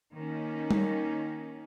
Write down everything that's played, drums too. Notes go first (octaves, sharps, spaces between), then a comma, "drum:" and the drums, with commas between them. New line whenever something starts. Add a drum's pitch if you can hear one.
D#3 A#3 C#4
drum: tom G3